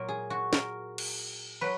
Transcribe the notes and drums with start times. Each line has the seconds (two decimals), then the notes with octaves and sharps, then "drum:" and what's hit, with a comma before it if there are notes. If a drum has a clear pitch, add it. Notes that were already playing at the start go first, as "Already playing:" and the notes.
Already playing: A#2 F#3 A#4
0.09 G#4
0.30 F#4
0.53 A#4, drum: snare
0.98 drum: cymbal
1.61 F#3 B4